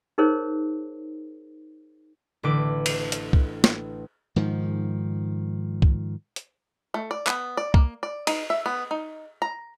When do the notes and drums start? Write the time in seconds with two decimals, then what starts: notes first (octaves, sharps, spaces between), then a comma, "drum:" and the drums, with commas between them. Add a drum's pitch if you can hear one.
0.18 D#4 G#4 A#4 C5 C#5
2.43 A1 D3 B4 D6
2.86 drum: cymbal
3.12 drum: hi-hat
3.33 drum: kick C2
3.64 drum: snare
4.36 G#2 D#3 F3
5.82 drum: kick C2
6.36 drum: hi-hat
6.94 A3
7.11 D5
7.27 B3, drum: clap
7.57 D5
7.74 A#3, drum: kick C2
8.03 D5
8.27 D#4, drum: cymbal
8.50 E5
8.66 B3
8.91 D#4
9.42 A#5